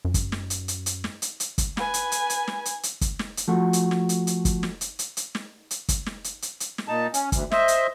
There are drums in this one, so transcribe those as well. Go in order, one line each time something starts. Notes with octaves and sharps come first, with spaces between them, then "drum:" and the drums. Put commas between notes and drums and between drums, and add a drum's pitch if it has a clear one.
F#2
drum: kick F#1, hi-hat
drum: snare
drum: hi-hat
drum: hi-hat
drum: hi-hat
drum: snare
drum: hi-hat
drum: hi-hat
drum: kick F#1, hi-hat
B4 G#5, drum: snare
drum: hi-hat
drum: hi-hat
drum: hi-hat
drum: snare
drum: hi-hat
drum: hi-hat
drum: kick F#1, hi-hat
drum: snare
drum: hi-hat
F3 A3 F#4
drum: hi-hat
drum: snare
drum: hi-hat
drum: hi-hat
drum: kick F#1, hi-hat
drum: snare
drum: hi-hat
drum: hi-hat
drum: hi-hat
drum: snare
drum: hi-hat
drum: kick F#1, hi-hat
drum: snare
drum: hi-hat
drum: hi-hat
drum: hi-hat
drum: snare
A#2 D#4 A5
C#4, drum: hi-hat
D2, drum: kick F#1, hi-hat
C5 D#5 E5, drum: snare
drum: hi-hat